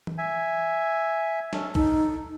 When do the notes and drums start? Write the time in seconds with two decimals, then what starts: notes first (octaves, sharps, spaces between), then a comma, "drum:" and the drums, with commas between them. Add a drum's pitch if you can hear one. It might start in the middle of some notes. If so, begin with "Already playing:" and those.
0.07 drum: tom
0.18 E5 G#5
1.53 C#4 A4, drum: snare
1.75 D#4 A4, drum: kick B1